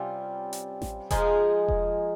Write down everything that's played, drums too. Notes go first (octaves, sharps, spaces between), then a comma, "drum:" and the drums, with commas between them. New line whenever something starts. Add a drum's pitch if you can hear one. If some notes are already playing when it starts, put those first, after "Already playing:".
Already playing: C3 G3 C#4 F4
drum: hi-hat
drum: snare A1
F3 G#3 D#4 G#4, drum: kick E1, hi-hat
drum: kick E1